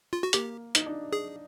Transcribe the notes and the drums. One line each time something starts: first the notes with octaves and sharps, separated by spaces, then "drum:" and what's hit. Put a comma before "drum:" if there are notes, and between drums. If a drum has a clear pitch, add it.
F4
F#4
A#3 G4, drum: hi-hat
D#4, drum: hi-hat
D4
G#4